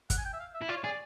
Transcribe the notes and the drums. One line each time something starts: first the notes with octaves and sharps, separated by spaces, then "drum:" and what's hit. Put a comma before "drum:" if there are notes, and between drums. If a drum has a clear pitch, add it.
F#5, drum: kick, hi-hat
G#5
G5
E5
F5
E5
E4
F4 D5
C#5
G#4 D5